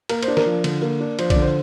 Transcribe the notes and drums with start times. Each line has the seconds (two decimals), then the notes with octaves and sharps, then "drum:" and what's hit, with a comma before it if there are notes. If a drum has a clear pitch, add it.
0.09 A#3 A#4, drum: cymbal
0.23 C5, drum: cymbal
0.28 D4
0.37 A#4, drum: snare
0.46 F3
0.64 D3, drum: cymbal
0.82 A#3
1.00 D4
1.19 F3 C5, drum: cymbal
1.30 D5, drum: kick B1, cymbal
1.36 D3
1.42 C5